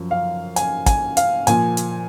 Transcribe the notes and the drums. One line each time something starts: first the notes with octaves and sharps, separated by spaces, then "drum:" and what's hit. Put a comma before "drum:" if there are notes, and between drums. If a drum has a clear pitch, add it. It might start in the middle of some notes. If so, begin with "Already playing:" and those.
Already playing: F#2 F3
F5
G#5, drum: hi-hat
G#5, drum: kick, hi-hat
F5, drum: hi-hat
A#2 F3 G#5, drum: hi-hat
drum: hi-hat